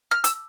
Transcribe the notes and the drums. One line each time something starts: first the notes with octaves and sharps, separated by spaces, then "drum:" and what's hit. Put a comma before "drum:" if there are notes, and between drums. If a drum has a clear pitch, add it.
F6
E6, drum: hi-hat